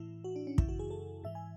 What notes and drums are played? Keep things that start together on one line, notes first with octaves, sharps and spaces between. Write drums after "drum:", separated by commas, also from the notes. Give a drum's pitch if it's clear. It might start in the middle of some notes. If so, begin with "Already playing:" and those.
Already playing: A2 E3 E4
F#4
D4
C#4
F#2 C#3 E3 E4, drum: kick
F#4
G#4
A4
G#2 E3 E5
G#5